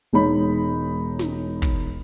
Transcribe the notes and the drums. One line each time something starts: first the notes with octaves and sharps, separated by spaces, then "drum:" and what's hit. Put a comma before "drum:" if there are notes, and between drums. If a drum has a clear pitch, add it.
E1 G#3 D#4 C#5 B5
drum: snare
drum: kick